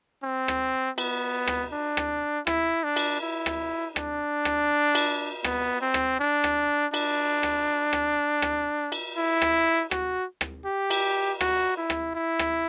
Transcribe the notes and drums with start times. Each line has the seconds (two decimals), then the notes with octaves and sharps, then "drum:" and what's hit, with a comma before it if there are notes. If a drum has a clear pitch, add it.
0.23 C4
0.48 drum: rim click
0.98 B3, drum: cymbal
1.48 drum: rim click
1.73 D4
1.97 drum: rim click
2.47 E4, drum: rim click
2.84 D4
2.96 drum: cymbal
3.21 E4
3.46 drum: rim click
3.96 D4, drum: rim click
4.45 drum: rim click
4.95 drum: cymbal
5.44 B3, drum: rim click
5.82 C4
5.94 drum: rim click
6.20 D4
6.44 drum: rim click
6.94 D4, drum: cymbal
7.43 drum: rim click
7.93 drum: rim click
8.42 drum: rim click
8.92 drum: cymbal
9.17 E4
9.42 drum: rim click
9.91 F#4, drum: rim click
10.41 drum: rim click
10.65 G4
10.91 drum: cymbal
11.41 F#4, drum: rim click
11.77 E4
11.90 drum: rim click
12.15 E4
12.39 drum: rim click